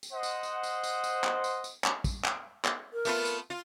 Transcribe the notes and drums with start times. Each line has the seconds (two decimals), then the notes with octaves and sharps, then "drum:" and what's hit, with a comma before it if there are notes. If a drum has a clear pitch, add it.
0.03 drum: tambourine
0.13 C5 D#5 F#5
0.23 drum: tambourine
0.43 drum: tambourine
0.63 drum: tambourine
0.84 drum: tambourine
1.04 drum: tambourine
1.24 drum: clap
1.44 drum: tambourine
1.64 drum: tambourine
1.84 drum: clap
2.04 drum: kick, tambourine
2.25 drum: clap
2.65 drum: clap
2.93 A#4
3.05 A3 B3 F4, drum: tambourine
3.25 drum: tambourine
3.50 F4